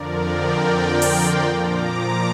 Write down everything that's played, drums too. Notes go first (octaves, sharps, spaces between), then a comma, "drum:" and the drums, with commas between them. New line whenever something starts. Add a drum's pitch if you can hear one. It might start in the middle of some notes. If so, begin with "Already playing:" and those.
Already playing: F2 D3 F3 A#4 D5
D5 G5
G5 C6, drum: open hi-hat
A#2 F3 A#5 D6